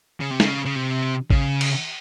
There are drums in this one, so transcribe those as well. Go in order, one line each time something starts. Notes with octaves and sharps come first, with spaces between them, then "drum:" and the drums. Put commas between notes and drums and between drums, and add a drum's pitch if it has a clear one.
C#3
C3
C#3, drum: snare
C#3
C3
C#3, drum: kick A1
drum: cymbal